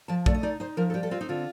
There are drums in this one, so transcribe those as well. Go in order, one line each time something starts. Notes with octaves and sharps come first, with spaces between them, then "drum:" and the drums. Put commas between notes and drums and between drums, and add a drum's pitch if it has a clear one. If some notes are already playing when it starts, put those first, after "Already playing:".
F3 A5
A3 D5, drum: kick
D#5
D#4 D5
D#4 C5
F3 A#4
A4
G3 G4
A4
C4 F4
D#4
D3 F4